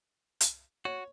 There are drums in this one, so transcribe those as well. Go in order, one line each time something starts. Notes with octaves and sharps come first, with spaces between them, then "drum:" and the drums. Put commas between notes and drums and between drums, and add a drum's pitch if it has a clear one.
drum: hi-hat
F#4 C#5